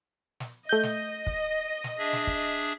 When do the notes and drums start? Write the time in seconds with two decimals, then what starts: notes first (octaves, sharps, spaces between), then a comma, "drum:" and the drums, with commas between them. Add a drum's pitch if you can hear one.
0.40 drum: snare
0.69 A3 D#5 G6
0.83 drum: snare
1.27 drum: kick
1.84 drum: snare
1.98 D4 G#4 E5
2.13 drum: snare
2.27 drum: kick